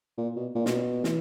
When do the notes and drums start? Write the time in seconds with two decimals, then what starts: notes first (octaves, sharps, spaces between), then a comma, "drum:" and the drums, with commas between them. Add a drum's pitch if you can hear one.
0.18 A#2
0.36 B2
0.55 A#2
0.66 B2, drum: snare
1.04 E3, drum: snare